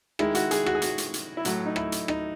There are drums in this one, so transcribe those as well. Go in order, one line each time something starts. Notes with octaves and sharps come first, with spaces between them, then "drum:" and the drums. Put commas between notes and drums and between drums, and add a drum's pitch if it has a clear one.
D#3 G#3 E4, drum: rim click
F#4, drum: hi-hat
G#4, drum: hi-hat
F#4, drum: rim click
G#4
F#4, drum: hi-hat
drum: hi-hat
drum: hi-hat
E4
A2 F#3 A3 F#4, drum: hi-hat
D#4
E4, drum: rim click
drum: hi-hat
D#4, drum: rim click